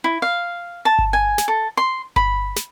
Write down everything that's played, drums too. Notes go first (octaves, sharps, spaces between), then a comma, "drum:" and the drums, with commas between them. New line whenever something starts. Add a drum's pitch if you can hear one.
E4
F5
A5
drum: kick G1
G#5
drum: snare
A4
C6
B5, drum: kick G1
drum: snare